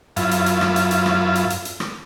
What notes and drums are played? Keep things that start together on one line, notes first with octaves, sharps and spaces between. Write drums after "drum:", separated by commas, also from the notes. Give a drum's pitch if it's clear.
F#2 E4 F4, drum: hi-hat
drum: hi-hat
drum: hi-hat
drum: rim click
drum: hi-hat
drum: hi-hat
drum: rim click
drum: hi-hat
drum: hi-hat
drum: hi-hat
drum: rim click